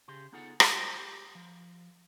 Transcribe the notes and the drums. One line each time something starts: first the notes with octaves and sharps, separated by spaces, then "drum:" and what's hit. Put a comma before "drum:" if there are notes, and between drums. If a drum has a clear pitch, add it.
C#3 G4 G#4 C6
B3 D#4 F4 G#4 A4 F#5
G3 F4 C6, drum: rim click
G4
F3